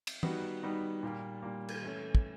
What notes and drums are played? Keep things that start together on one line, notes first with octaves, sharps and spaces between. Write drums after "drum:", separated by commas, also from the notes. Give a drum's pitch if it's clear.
drum: cymbal
D#3 G3 B3 D#4 F#4, drum: tom E3
D#3 G3 B3 D#4 F#4
A#2 G3 A#3
A#2 G3 A#3
drum: cymbal
E3 A3 C#4
drum: kick